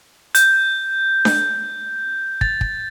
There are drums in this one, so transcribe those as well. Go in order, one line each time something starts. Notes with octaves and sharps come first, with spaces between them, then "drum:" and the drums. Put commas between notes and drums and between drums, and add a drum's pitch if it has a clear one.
G6, drum: hi-hat
drum: snare D4
A6, drum: kick
drum: kick